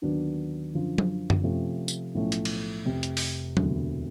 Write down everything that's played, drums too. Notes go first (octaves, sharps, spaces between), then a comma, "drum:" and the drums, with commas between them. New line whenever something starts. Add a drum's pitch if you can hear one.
D#2 D3 F#3 B3 D4
F#2 D3 F3
drum: tom F#3
drum: tom F#2
C3 F3 A3 C#4
drum: tambourine
B1 A2 F3 A3 C#4
drum: hi-hat
drum: cymbal
F1 F2 C3
drum: hi-hat
drum: open hi-hat
E1 D2 C3, drum: tom F#3